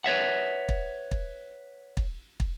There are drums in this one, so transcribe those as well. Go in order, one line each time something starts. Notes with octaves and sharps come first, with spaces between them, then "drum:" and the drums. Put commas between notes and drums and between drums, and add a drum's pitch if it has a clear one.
B4 C#5 E5 F#5
drum: kick
drum: kick
drum: kick
drum: kick